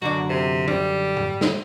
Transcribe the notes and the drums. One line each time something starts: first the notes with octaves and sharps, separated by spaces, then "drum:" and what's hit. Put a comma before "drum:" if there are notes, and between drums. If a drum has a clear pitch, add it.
F#2 D3 F#4 D5
C3
G3, drum: tom
drum: tom
drum: snare